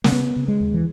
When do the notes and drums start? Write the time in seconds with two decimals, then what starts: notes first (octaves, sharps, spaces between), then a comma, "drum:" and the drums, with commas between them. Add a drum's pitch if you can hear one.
0.04 A#3, drum: snare
0.12 C#3 B3
0.36 C#3
0.48 G#3
0.60 D#2
0.74 E3